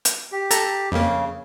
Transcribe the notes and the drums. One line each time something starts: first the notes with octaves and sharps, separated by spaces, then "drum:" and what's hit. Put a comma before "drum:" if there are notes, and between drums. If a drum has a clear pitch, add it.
drum: hi-hat
G4
A4 A5 A#5, drum: hi-hat
F2 C#3 A#3